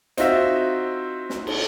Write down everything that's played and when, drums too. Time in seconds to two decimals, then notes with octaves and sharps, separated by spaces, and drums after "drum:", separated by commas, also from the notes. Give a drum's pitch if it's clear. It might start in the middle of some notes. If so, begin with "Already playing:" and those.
0.17 C4 D#4 F4 F#4 E5, drum: hi-hat
1.30 drum: snare
1.47 drum: cymbal